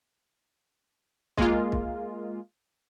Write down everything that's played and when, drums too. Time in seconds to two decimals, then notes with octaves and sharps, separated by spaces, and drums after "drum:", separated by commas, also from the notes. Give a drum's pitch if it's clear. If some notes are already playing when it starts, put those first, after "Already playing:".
1.37 G#3 A#3 F4, drum: kick
1.72 drum: kick